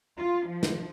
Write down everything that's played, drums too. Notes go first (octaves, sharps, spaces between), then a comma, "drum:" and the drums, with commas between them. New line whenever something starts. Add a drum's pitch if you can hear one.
F4
F3
drum: snare